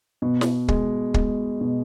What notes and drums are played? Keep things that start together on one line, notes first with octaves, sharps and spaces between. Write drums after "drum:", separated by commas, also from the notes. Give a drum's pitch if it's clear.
B2
drum: snare
G#3, drum: kick
G#3, drum: kick
B2